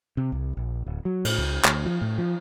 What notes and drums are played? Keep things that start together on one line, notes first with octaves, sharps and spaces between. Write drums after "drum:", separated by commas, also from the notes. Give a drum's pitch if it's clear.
C3
C2
A#1
D1
F#3
A2, drum: cymbal
C#2
D2, drum: clap
F3
A2
F3